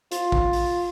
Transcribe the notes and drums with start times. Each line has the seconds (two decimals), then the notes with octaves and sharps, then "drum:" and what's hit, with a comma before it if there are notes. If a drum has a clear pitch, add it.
0.12 F4, drum: hi-hat
0.32 drum: kick A1
0.53 drum: open hi-hat